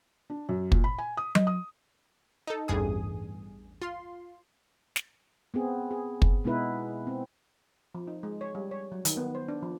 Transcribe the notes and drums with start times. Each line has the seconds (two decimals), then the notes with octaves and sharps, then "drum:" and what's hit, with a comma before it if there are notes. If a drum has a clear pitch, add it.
0.30 D4
0.49 F#2
0.72 A#2, drum: kick
0.84 B5
0.99 G#5
1.17 D#6
1.35 D#5, drum: tom F#3
1.47 D#6
2.47 D#4 A4
2.68 A1 E2 G2 G#4 D#6
3.82 F4 C6
4.96 drum: snare
5.54 B3 C4 G#4
5.91 G#4
6.22 drum: kick
6.44 B2 G#3 B3 D#4 E4 B4
7.07 C4
7.95 F3
8.07 D#4
8.23 G#3
8.41 C#5
8.55 G3
8.71 C#5
8.92 F#3
9.05 D#3, drum: hi-hat
9.17 B3
9.35 C5
9.48 D4
9.63 F3